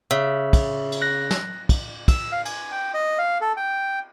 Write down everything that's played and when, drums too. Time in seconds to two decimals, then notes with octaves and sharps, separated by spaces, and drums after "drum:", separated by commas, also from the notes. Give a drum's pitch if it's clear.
0.11 C#3 E5
0.53 drum: kick, cymbal
0.92 drum: cymbal
1.02 F#6 A#6
1.31 drum: snare
1.69 drum: kick, cymbal
2.08 E6, drum: kick, cymbal
2.32 F5
2.45 G#5, drum: cymbal
2.72 G5
2.94 D#5
3.18 F5
3.41 A4
3.57 G5